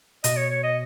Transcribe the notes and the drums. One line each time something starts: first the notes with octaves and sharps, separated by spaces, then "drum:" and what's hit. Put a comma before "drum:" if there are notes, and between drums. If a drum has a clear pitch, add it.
B2 D#5, drum: hi-hat
C#5
C#5
D#5